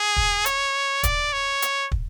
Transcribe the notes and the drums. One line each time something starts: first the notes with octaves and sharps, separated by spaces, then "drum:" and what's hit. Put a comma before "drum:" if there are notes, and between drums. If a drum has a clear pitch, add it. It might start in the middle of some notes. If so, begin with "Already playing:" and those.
Already playing: G#4
drum: kick
C#5, drum: hi-hat
D5, drum: kick, hi-hat
C#5
drum: hi-hat
drum: kick